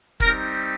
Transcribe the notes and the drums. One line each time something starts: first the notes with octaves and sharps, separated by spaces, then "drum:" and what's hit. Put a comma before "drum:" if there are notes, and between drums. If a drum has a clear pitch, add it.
G3 C4 D#4 G4 A#4, drum: kick